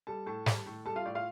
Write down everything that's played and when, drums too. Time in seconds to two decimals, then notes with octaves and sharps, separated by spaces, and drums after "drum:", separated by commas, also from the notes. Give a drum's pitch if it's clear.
0.07 G3 A4 A5
0.26 A2 A4 A5
0.46 G3, drum: snare
0.66 A2
0.85 G3 A4 A5
0.96 F4 F5
1.05 A2 D5
1.15 F4 F5